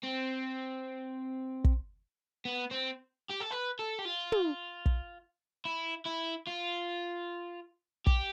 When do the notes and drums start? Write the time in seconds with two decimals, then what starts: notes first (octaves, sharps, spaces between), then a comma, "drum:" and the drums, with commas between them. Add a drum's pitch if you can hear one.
0.03 C4
1.64 drum: kick
2.45 B3
2.71 C4
3.31 G4
3.41 A4
3.52 B4
3.79 A4
3.99 G4
4.05 F4
4.32 drum: tom
4.86 drum: kick
5.65 E4
6.05 E4
6.47 F4
8.07 G4, drum: kick